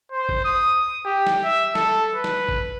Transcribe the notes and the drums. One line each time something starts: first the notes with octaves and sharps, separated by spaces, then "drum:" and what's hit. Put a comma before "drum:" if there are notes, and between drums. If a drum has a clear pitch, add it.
C5
drum: kick G#1
D#6
G4
drum: snare
E5
A4, drum: snare
B4
drum: snare
drum: kick G#1